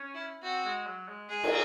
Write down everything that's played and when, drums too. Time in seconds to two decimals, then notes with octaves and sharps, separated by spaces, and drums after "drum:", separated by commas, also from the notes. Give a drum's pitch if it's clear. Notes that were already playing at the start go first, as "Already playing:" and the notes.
Already playing: C#4
0.14 E4
0.43 C4 F#4
0.65 G#3
0.86 F#3
1.08 G#3
1.30 G#3 G#4
1.44 drum: cymbal